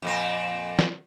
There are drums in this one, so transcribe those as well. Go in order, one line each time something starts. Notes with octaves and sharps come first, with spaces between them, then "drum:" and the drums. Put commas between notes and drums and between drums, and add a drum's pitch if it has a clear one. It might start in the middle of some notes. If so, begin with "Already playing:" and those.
F2 A#2 C4
drum: snare